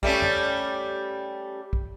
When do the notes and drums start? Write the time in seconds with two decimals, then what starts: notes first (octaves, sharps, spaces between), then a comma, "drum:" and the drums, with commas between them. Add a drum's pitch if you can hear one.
0.03 G3 A3 C#4, drum: kick
0.22 drum: tom F2
1.73 drum: kick